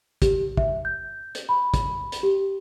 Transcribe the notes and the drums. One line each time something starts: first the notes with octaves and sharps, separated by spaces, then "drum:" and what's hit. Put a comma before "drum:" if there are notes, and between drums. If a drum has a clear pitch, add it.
G4, drum: kick, hi-hat
E5, drum: kick
G6
drum: hi-hat
B5
drum: kick, hi-hat
drum: hi-hat
G4